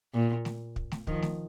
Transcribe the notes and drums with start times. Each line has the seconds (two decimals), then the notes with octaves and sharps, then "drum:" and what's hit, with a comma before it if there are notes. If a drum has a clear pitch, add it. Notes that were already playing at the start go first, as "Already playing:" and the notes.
0.14 A#2
0.45 drum: snare A3
0.76 drum: kick
0.92 drum: snare A3
1.07 D#3 F3, drum: kick
1.22 drum: snare A3